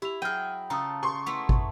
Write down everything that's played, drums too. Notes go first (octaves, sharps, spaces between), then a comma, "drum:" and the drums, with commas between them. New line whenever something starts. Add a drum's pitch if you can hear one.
E4 G4 F7
F#3 G#4 G5 F6 D#7
C#3 F4 A4 A#5 D#6
C6 C#6
A3 B3 E4
drum: kick